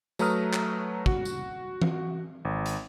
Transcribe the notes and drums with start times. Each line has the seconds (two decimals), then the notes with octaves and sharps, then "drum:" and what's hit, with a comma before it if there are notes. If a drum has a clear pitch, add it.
0.19 F#3 A3 B4 A#5 D#6 F6, drum: tambourine
0.53 drum: clap
1.06 F#4, drum: kick
1.25 drum: tambourine
1.82 drum: tom E3
2.45 G#1
2.66 drum: hi-hat